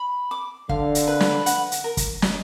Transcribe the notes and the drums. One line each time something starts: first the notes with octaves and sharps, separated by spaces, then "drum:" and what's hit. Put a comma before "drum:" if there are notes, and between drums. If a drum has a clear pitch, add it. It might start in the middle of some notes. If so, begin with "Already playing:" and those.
Already playing: B5
D6
D3 F5, drum: kick
drum: hi-hat
B4
drum: snare
F#5, drum: hi-hat
drum: hi-hat
A#4
drum: kick, hi-hat
D#5, drum: snare